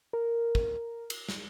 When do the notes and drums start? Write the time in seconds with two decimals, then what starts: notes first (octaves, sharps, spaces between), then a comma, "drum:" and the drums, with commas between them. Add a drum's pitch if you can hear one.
0.13 A#4
0.55 drum: kick
1.10 drum: cymbal
1.29 drum: snare